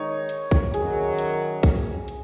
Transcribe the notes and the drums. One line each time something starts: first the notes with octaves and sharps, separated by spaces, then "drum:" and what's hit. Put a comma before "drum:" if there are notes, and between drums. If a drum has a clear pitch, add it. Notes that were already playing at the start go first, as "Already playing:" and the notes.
Already playing: D#3 G#3 D#4 C#5
drum: hi-hat
drum: kick
F#2 D#3 F#3 G#4, drum: hi-hat
drum: hi-hat
drum: kick, hi-hat
drum: hi-hat